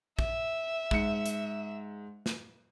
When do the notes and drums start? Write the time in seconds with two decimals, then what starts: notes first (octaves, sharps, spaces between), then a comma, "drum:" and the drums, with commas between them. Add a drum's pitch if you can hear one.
0.19 E5, drum: kick
0.91 G#2 C#7, drum: kick
1.26 drum: hi-hat
2.26 drum: snare